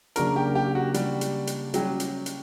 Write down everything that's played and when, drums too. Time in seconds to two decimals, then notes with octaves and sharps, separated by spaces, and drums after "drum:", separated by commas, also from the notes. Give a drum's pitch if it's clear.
0.16 C#3 F#3 A#3 D4 F#4 A#4, drum: hi-hat
0.36 G4
0.55 G4
0.75 F#4
0.94 G3, drum: hi-hat
1.21 drum: hi-hat
1.47 drum: hi-hat
1.74 F#3 G3 C#4 G4, drum: hi-hat
2.00 drum: hi-hat
2.26 drum: hi-hat